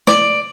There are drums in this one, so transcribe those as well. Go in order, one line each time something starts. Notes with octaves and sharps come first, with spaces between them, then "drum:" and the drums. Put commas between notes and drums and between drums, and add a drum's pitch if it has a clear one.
D5, drum: snare